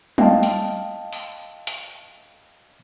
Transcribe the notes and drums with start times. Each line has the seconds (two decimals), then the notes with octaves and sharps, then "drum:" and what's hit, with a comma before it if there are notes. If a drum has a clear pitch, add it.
0.18 D#5 F5 G5 A5, drum: tom F#3
0.43 drum: open hi-hat
1.13 drum: open hi-hat
1.67 drum: hi-hat